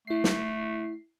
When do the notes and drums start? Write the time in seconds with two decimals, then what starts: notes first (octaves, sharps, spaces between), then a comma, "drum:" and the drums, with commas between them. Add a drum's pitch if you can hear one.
0.07 A3 E4 C7
0.24 drum: snare